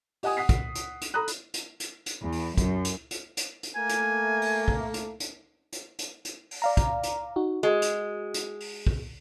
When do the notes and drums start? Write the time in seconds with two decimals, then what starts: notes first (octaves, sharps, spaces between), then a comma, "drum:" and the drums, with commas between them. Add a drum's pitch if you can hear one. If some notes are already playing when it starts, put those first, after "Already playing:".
0.23 G4 D#5 F#5 G#5 D#6, drum: open hi-hat
0.37 F#5 D#6 B6 C7
0.49 drum: kick, hi-hat
0.75 drum: hi-hat
1.01 drum: hi-hat
1.14 A4 A#5 B5 D#6 F#6
1.28 drum: hi-hat
1.54 drum: hi-hat
1.80 drum: hi-hat
2.06 drum: hi-hat
2.22 E2
2.32 drum: open hi-hat
2.58 F#2, drum: kick, hi-hat
2.85 drum: hi-hat
3.11 drum: hi-hat
3.37 drum: hi-hat
3.63 drum: hi-hat
3.75 A3 A#3 G#5
3.89 drum: hi-hat
4.42 drum: open hi-hat
4.68 drum: kick
4.94 drum: hi-hat
5.20 drum: hi-hat
5.73 drum: hi-hat
5.99 drum: hi-hat
6.25 drum: hi-hat
6.51 drum: open hi-hat
6.62 D5 F5 A#5
6.77 drum: kick, hi-hat
7.03 drum: hi-hat
7.36 D#4 F#4
7.63 G#3 F#4
7.82 drum: hi-hat
8.34 drum: hi-hat
8.60 drum: open hi-hat
8.87 drum: kick